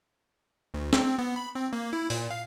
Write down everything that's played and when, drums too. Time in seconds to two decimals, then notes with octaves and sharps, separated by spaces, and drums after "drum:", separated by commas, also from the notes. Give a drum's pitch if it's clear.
0.74 D2
0.93 C4, drum: snare
1.19 B3
1.36 B5
1.55 C4
1.73 A#3
1.93 E4
2.10 A#2, drum: open hi-hat
2.30 F5